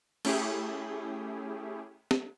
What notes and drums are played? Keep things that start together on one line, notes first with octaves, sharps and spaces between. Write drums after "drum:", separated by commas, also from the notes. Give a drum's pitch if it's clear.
A3 C#4 E4 G4 G#4, drum: cymbal
drum: snare